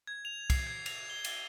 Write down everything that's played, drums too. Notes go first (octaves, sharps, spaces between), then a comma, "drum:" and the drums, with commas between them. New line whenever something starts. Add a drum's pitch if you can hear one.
G#6
F7
C7, drum: kick, cymbal
G#6
F7, drum: cymbal
G7
G7, drum: cymbal